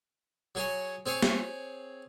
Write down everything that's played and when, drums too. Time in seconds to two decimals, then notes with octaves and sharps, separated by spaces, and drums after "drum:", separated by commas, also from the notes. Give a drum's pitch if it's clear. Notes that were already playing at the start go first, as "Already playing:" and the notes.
0.55 F#3 G#4 C#5
1.06 C4 G#4 C#5
1.22 drum: snare